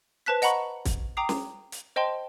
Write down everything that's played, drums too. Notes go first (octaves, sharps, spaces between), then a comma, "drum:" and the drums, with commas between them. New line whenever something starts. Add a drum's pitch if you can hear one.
B4 C5 A5 F#6 B6
D#5 F#5 A#5 B5 C#6, drum: hi-hat
drum: kick, hi-hat
G5 A#5 D6 D#6 C7
drum: snare
drum: hi-hat
C5 D#5 G5 A5 C6